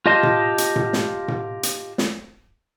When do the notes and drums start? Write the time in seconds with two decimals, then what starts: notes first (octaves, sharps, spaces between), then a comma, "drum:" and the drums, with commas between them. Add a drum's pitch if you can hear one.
0.06 F4 G4 D#5 A5 C6
0.23 drum: tom A2
0.58 drum: hi-hat
0.76 drum: tom A2
0.93 drum: snare
1.28 drum: tom A2
1.63 drum: hi-hat
1.98 drum: snare